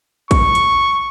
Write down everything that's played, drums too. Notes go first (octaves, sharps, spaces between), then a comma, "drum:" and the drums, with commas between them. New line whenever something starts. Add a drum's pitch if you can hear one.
C#6, drum: kick, hi-hat
drum: hi-hat